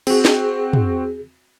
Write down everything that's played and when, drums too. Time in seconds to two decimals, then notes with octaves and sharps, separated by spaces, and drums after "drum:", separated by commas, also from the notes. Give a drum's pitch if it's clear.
0.07 C4 F#4 G#4, drum: cymbal
0.25 drum: snare
0.73 drum: tom